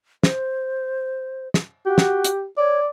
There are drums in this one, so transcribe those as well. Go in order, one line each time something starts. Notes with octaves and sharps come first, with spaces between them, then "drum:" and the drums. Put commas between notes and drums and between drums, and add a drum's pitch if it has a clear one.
C5, drum: snare
drum: snare
F#4 G4
drum: snare
drum: hi-hat
C#5 D5